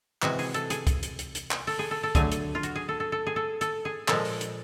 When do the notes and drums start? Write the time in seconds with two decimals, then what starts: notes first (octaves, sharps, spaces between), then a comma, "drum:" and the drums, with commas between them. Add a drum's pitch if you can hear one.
0.22 C3 E3 G#3 F#4, drum: clap
0.39 G#4, drum: open hi-hat
0.54 A4, drum: hi-hat
0.70 G#4, drum: hi-hat
0.87 drum: kick C2, hi-hat
1.03 drum: hi-hat
1.19 drum: hi-hat
1.35 drum: hi-hat
1.51 drum: clap
1.67 A4, drum: open hi-hat
1.79 G#4
1.91 A4
2.03 A4
2.15 D3 F#3 A3 G#4, drum: kick C2, hi-hat
2.32 drum: hi-hat
2.55 F4
2.63 F#4, drum: hi-hat
2.76 G#4
2.89 A4
3.00 A4
3.12 A4
3.27 G#4
3.36 A4
3.61 A4, drum: hi-hat
3.85 G#4
4.08 A#2 F3 G#3 A4, drum: clap
4.25 drum: open hi-hat
4.41 drum: hi-hat